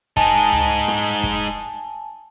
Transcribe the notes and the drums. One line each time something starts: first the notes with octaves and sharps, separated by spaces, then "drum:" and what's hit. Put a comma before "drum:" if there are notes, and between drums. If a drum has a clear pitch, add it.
G#3 D#4 G#5 A5, drum: kick
drum: tom C#2
drum: rim click
drum: kick